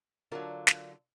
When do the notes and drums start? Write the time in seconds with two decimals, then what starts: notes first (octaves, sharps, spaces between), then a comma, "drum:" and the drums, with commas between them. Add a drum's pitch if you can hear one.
0.32 D3 F#3 D4 F4 A#4
0.67 drum: snare